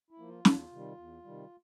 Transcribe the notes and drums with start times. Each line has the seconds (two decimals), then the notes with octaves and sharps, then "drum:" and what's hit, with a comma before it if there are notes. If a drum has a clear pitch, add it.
0.11 E4
0.19 F3 A#3
0.28 F4
0.45 E2, drum: snare
0.71 C3 D#3 G3
0.98 E2
1.24 C3 D#3 G3